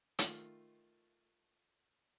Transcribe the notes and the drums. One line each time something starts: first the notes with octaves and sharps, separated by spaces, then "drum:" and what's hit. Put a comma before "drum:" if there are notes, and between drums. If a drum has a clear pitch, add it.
D#3 A3 F4, drum: hi-hat